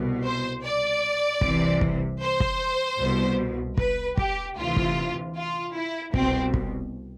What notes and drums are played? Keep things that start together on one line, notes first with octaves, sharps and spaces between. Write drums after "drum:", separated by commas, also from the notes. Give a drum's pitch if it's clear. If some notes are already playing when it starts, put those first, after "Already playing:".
Already playing: C2 B2
C5
D5
C2 C3 E3, drum: kick
drum: kick
C5
drum: kick
C2 B2
B4, drum: kick
G4, drum: kick
D2 C3 E3 F4
drum: kick
F4
E4
C2 B2 C4, drum: kick
drum: kick